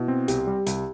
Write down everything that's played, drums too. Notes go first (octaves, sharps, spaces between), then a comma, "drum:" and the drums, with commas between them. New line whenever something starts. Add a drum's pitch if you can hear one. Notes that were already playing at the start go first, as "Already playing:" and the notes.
Already playing: B2 E4
C4
C2 G4, drum: hi-hat
G3
C2, drum: hi-hat